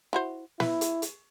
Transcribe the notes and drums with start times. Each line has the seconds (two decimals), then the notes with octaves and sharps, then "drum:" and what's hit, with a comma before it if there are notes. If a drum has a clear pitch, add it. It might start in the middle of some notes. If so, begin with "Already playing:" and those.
0.13 E4 F#4 C5
0.60 E4 B4, drum: snare
0.81 drum: hi-hat
1.02 drum: hi-hat